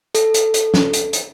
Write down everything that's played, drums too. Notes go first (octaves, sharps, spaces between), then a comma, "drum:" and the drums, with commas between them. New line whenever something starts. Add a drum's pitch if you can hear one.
A4, drum: hi-hat
drum: hi-hat
drum: hi-hat
drum: snare
drum: hi-hat
drum: hi-hat